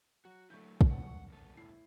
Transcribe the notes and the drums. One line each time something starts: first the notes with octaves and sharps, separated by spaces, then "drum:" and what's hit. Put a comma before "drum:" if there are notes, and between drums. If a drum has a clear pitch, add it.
F#3 F#4
D3 F#3 A3 E4 G6
drum: kick
A3 B3 F#5
C#6
G2 B2 A4
A2 E4 C7